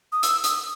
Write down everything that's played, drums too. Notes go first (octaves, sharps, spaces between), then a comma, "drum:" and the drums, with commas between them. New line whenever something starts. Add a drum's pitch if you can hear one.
D#6
E6, drum: hi-hat
D#6, drum: hi-hat